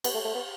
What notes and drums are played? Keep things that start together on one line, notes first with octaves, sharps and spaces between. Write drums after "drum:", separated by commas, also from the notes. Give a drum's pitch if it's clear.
B3, drum: cymbal
A3
A3
B3